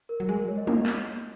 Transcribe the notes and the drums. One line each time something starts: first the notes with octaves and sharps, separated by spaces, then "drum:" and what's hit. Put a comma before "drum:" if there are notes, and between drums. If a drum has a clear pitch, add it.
A#4
F#3
G#3 G#4
A#4
C#5
D#5
A#3, drum: tom
drum: clap